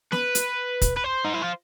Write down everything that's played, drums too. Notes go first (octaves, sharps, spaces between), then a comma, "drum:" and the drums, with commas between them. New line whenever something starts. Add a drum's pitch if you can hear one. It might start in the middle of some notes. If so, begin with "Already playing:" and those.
B4, drum: snare
drum: hi-hat
drum: kick, hi-hat
B4
C5
D#4
E4
F4